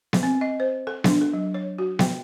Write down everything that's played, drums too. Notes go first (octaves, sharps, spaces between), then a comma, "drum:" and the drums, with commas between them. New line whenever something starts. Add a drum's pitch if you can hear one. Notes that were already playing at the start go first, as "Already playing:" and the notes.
drum: snare B3
C4
D#5
C5
A4
D4, drum: snare B3
A4
F#3
C#5
F#4
G5, drum: snare B3